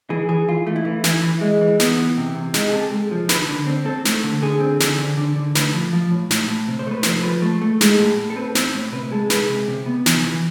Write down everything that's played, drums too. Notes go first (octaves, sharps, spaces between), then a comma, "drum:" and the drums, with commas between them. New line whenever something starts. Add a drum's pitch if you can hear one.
E3 G#4
E3 G#4
E3 F4
A3
E4
E3
E3 E4, drum: snare
E3
G#3
E3
B3, drum: snare
E3
C3
C3
G#3, drum: snare
G#4
C3 A4
G#3
F3
D3 B4, drum: snare
D3
C4
C4 A4
A3, drum: snare
D3
D3 G#4
C4
D3, drum: snare
D3
D3
D3
A2 B4, drum: snare
F3
F3
A2
A2, drum: snare
A2
C3
C5
A3 B4
F3 C5, drum: snare
F3 B4
A3
A3
G#3, drum: snare
A2
A2
A4
C4 B4
C4, drum: snare
A2
C3 B4
G#3 A4
G#3 B4, drum: snare
C3
C3
B3
E3, drum: snare
E3